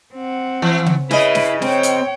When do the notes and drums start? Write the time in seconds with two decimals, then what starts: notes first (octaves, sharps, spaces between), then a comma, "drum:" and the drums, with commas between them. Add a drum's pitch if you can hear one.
0.14 C4 F#5
0.62 E3
0.86 drum: tom C#3
1.11 C#3 E4 B4 D#5, drum: snare
1.35 drum: snare
1.62 C4 C#5 G5, drum: snare
1.83 drum: hi-hat